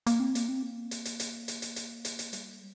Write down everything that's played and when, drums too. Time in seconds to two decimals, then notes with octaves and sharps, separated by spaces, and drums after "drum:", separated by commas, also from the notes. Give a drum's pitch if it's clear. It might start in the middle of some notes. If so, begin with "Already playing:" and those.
0.07 A#3, drum: hi-hat
0.20 C4
0.35 A#3, drum: hi-hat
0.49 C4
0.63 A#3
0.91 drum: hi-hat
1.05 drum: hi-hat
1.20 drum: hi-hat
1.48 drum: hi-hat
1.62 drum: hi-hat
1.76 drum: hi-hat
2.05 drum: hi-hat
2.19 drum: hi-hat
2.33 G3, drum: hi-hat